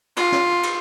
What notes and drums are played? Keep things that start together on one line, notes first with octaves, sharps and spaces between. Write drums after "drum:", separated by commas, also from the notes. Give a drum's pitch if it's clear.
F4, drum: cymbal
drum: snare
drum: cymbal